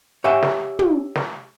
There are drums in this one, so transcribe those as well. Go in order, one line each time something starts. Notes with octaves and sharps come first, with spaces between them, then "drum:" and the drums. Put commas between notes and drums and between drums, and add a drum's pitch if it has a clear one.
G4 C#5 E5 F#5 G#5
drum: snare
drum: tom
drum: snare